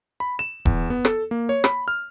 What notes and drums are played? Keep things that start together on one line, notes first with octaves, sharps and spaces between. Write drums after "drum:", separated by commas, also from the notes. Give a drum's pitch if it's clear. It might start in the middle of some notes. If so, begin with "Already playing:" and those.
B5
E7
E2, drum: kick D#1
B3
A4, drum: rim click
A#3
C#5
B5, drum: rim click
F6